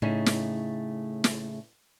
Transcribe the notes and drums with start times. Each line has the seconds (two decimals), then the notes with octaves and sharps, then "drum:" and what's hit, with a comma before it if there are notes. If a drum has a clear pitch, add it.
0.02 A2 C#3 A3 C#4 D#4 C#5
0.26 drum: snare
1.24 drum: snare